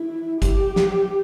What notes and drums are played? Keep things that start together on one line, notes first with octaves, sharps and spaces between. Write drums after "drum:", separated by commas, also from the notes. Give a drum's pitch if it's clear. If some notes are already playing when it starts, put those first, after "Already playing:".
Already playing: E4
G4, drum: kick G1, hi-hat
drum: snare